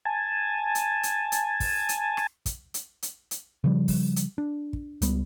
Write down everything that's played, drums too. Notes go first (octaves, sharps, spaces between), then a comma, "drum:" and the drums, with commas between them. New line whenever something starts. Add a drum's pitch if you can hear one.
G#5 A5
drum: hi-hat
drum: hi-hat
drum: hi-hat
drum: kick, open hi-hat
drum: hi-hat
drum: rim click
drum: kick, hi-hat
drum: hi-hat
drum: hi-hat
drum: hi-hat
C#3 F3 G3
drum: kick, open hi-hat
drum: hi-hat
D4
drum: kick
C#2 G3 B3, drum: hi-hat